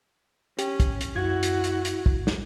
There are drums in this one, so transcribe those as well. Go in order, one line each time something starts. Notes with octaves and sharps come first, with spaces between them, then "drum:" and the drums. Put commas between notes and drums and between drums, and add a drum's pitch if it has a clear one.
C#4 G4, drum: hi-hat
drum: kick, hi-hat
drum: hi-hat
F#2 E4 F#4 G#6
drum: hi-hat
drum: hi-hat
drum: hi-hat
drum: kick
drum: snare